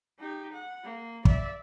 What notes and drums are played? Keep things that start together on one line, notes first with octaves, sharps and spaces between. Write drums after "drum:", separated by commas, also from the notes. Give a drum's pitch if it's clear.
D#4 G4
F#5
A#3
D5 E5, drum: kick